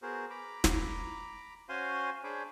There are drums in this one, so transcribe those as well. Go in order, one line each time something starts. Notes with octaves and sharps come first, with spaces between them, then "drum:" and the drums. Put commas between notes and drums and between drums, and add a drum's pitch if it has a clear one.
B3 F#4 G#4 A#4 C5
A#5 B5 D6
drum: snare
C#4 F#4 C5 F5 G#5 C6
D4 G#4 C5 C#5 B5 D6